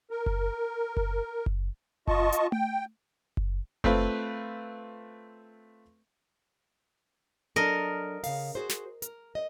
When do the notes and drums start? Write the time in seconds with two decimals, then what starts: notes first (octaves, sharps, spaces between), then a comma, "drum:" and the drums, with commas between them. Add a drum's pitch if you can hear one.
0.11 A#4
0.26 drum: kick F#1
0.97 drum: kick F#1
1.46 drum: kick F#1
2.08 F4 D#5 A5 C#6, drum: kick F#1
2.32 drum: hi-hat
2.52 G5, drum: tom A3
3.37 drum: kick F#1
3.84 A3 C4 F4 B4, drum: kick F#1
7.56 F#3 D4 A4 A#4 D#5
8.24 C#3 F5, drum: open hi-hat
8.55 F#4 G#4 C5
8.69 drum: snare
9.02 A#4, drum: hi-hat
9.35 D#5